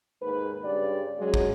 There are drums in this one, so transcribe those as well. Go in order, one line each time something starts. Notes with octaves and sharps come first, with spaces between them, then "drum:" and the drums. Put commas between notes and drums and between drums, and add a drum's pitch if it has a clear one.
D#2 G#2 B4
G2 C#3 G4 D5
F#3 G#3 C#4
drum: kick